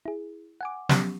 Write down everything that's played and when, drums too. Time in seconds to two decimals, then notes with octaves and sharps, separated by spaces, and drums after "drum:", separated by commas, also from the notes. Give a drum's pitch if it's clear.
0.06 E4 G#4
0.61 F#5 G#5 D6
0.89 F3 F#3 B3 C#4 G4, drum: snare